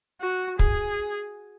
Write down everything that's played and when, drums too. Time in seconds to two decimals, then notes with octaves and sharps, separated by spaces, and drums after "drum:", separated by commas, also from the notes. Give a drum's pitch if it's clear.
0.21 F#4
0.59 G#4, drum: kick